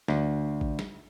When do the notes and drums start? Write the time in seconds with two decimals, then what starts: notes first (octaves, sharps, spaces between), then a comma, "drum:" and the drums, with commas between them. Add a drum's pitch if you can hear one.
0.08 D2, drum: snare
0.61 drum: kick
0.79 drum: snare